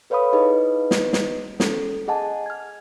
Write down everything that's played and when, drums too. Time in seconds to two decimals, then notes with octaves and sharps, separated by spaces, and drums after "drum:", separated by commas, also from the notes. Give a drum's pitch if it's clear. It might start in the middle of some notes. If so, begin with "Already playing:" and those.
0.10 A4 B4 C#5 F5 B5 D#6
0.33 D#4 E4 G#4 B4 D#5
0.91 drum: snare
1.13 drum: snare
1.60 C#4 A4, drum: snare
2.08 G#4 D#5 F#5 G#5 A5
2.46 F6 G#6